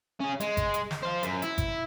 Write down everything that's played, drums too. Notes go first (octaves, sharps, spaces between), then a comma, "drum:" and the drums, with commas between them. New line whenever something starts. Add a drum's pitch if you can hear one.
C#4 G#4
G#3, drum: hi-hat
drum: kick G#1, hi-hat
drum: hi-hat
drum: snare
C5 F5
F#2, drum: hi-hat
E4, drum: hi-hat
drum: kick G#1, hi-hat